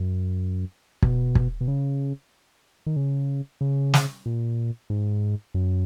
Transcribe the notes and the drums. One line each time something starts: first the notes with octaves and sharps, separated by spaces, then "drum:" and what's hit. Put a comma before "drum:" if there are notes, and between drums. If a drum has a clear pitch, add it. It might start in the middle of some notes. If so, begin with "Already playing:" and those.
Already playing: F#2
B2, drum: kick
drum: kick
B2
C#3
D#3
C#3
C#3
drum: snare
A#2
G#2
F#2